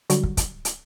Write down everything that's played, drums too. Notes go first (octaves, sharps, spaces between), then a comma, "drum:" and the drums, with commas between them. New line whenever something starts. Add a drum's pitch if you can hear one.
D3 F#3 G3 F#4, drum: hi-hat
drum: kick
drum: kick, hi-hat
drum: hi-hat